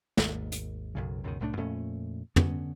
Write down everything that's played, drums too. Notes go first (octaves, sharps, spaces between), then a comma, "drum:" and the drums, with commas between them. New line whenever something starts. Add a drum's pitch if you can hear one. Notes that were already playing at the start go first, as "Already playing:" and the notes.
G#1 D#2, drum: snare
drum: hi-hat
B1 F#2 C#3
C#2 F#2 B2 D#3
C2 A2 A3 D4
F2 A#2 A3 C#4
D3 B3 C#4, drum: tom